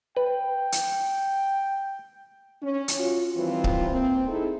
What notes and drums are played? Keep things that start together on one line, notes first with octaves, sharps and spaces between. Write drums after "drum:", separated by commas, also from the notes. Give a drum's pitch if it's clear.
B4 G5
drum: hi-hat
C#4
drum: hi-hat
F4 F#4
D#2 E3 F3 G3 C4 F4
drum: kick C#1
A#3 C4
D#4 E4 G#4 A4